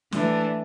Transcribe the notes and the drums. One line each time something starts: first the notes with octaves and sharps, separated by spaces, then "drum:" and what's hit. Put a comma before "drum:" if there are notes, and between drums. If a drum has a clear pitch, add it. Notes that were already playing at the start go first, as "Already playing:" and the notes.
E3 A3 D4, drum: snare